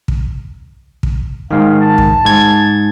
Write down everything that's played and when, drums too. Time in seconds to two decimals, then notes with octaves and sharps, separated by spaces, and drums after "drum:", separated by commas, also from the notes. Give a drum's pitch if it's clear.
0.08 drum: kick
1.03 drum: kick
1.51 G#2 D#3 F5
1.80 A5
1.98 drum: kick
2.25 G#2 G#6